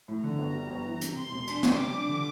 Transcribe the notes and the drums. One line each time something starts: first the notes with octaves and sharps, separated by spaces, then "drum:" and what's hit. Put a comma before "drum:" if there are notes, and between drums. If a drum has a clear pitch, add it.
A2
D3 A#5
G1
G3
G1
E3
C3, drum: hi-hat
C3 C6
E1
D4, drum: cymbal
G3, drum: snare
C3 D6
D4
D3